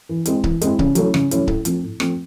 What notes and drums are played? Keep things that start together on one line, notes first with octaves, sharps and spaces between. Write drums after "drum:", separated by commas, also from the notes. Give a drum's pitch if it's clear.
E3
G#3 C4 E4, drum: hi-hat
E3, drum: kick C#1
G#3 C4 E4, drum: hi-hat
C#3, drum: kick C#1
F#3 A3 C#4 E4, drum: hi-hat
C#3, drum: rim click
F#3 A3 C#4 E4, drum: hi-hat
A2, drum: kick C#1
F3 A3 C4, drum: hi-hat
A2
F3 A3 C4, drum: rim click